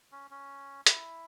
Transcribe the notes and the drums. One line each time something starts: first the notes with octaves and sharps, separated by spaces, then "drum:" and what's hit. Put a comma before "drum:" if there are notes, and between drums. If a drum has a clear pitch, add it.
C#4
C#4
E4, drum: hi-hat